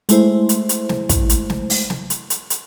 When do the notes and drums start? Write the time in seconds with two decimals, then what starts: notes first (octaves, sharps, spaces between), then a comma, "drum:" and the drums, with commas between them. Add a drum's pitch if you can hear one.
0.09 G#3 A3 E4 C5, drum: hi-hat
0.49 drum: hi-hat
0.69 drum: hi-hat
0.89 drum: snare
1.09 drum: kick, hi-hat
1.29 drum: hi-hat
1.50 drum: snare
1.70 drum: open hi-hat
1.90 drum: snare
2.10 drum: hi-hat
2.30 drum: hi-hat
2.50 drum: hi-hat